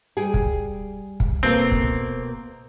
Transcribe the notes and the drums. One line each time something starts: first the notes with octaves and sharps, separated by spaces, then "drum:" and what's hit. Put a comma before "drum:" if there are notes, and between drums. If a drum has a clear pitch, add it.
G3 G#4 G5
drum: kick
drum: kick
B2 A#3 C4 A4
drum: kick